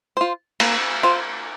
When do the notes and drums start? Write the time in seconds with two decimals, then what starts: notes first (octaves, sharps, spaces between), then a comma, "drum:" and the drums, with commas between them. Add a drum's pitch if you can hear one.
0.17 F4 C5
0.60 A#3, drum: cymbal
1.03 F4 C5